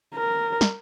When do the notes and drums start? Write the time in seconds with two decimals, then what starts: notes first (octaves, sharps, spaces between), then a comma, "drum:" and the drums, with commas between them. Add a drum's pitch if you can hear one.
0.15 A#4
0.61 drum: snare